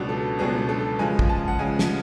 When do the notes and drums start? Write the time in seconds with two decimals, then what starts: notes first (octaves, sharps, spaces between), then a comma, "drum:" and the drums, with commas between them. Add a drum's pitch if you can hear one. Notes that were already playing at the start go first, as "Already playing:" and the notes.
Already playing: C#2 B2 F#3 B3 D4
0.09 A4
0.39 C#2 B2 F#3 B3 D4 G#4
0.69 A4
0.99 C#3 F3 G#3 G#5
1.19 drum: kick
1.29 A5
1.48 F#5
1.59 C#3 F3 G#3 G#5
1.79 drum: snare